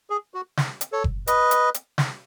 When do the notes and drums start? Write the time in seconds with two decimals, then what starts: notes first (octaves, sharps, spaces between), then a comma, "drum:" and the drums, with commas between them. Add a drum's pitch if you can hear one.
0.10 G#4
0.34 F#4
0.57 drum: snare
0.81 drum: hi-hat
0.92 A4 C#5
1.04 drum: kick F#1
1.27 B4 D#5, drum: hi-hat
1.51 drum: hi-hat
1.74 drum: hi-hat
1.98 drum: snare